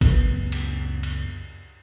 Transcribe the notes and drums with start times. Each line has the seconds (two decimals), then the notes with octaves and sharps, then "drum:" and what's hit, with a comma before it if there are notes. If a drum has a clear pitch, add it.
0.01 C#2 F#2 B3, drum: kick G1, cymbal
0.52 drum: cymbal
1.03 drum: cymbal